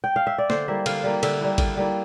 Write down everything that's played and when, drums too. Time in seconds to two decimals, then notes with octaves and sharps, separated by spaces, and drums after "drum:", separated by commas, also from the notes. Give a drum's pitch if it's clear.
0.04 G5
0.16 F5
0.27 E5
0.38 D5
0.50 D3 C5, drum: snare
0.68 G3 A#3 E4 E5
0.86 D3 F5, drum: cymbal
1.04 G3 A#3 E4
1.23 D3 E5, drum: cymbal
1.41 G3 A#3 E4
1.58 D3, drum: kick G#1, cymbal
1.77 G3 A#3 E4